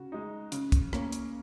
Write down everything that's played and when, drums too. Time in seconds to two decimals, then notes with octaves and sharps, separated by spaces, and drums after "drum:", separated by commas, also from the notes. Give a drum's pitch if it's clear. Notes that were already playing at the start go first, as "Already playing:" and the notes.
Already playing: C#3 F#4
0.12 G#3 D#4
0.52 C#3, drum: hi-hat
0.72 drum: kick, hi-hat
0.93 A#3 C#4, drum: rim click
1.12 drum: hi-hat